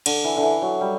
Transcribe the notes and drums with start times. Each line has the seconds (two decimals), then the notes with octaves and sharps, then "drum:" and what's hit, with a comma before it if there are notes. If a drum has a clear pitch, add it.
0.06 D3, drum: cymbal
0.24 E3
0.37 D3
0.43 E3
0.62 F#3
0.81 G3